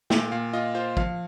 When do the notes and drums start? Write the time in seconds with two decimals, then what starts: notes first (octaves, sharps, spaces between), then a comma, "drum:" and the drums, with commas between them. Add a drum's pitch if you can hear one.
0.10 A#2 G5, drum: snare
0.32 A#2 F5
0.53 F4 D#5
0.75 F4 C5
0.97 F3 F5, drum: kick